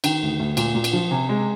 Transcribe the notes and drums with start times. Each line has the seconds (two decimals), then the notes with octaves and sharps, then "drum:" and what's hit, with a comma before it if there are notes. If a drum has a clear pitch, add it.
0.04 D#3 G5, drum: cymbal
0.23 D2
0.40 D2
0.57 A#2, drum: cymbal
0.75 A#2
0.84 drum: cymbal
0.93 F3
1.11 C3 G#5
1.29 G#3